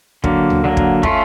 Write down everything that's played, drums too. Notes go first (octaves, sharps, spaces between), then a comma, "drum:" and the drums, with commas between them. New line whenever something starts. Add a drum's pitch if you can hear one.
D3 F#3 A#3, drum: kick
drum: tom D2
D3 F#3 A#3
drum: kick
A3 C#4 F4, drum: kick